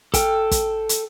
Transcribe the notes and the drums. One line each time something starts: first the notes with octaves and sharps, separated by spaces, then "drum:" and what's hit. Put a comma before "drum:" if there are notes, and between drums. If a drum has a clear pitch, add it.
A4 G5 F6, drum: kick, hi-hat
drum: kick, hi-hat
drum: hi-hat